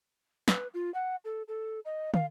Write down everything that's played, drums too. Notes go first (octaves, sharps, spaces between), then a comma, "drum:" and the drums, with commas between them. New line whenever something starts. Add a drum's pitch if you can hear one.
B4, drum: snare
F4
F#5
A4
A4
D#5
F5, drum: tom